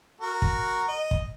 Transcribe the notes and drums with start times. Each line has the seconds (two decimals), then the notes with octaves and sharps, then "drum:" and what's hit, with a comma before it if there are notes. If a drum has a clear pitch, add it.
0.21 F#4 A#4
0.42 drum: kick
0.88 D#5
1.11 drum: kick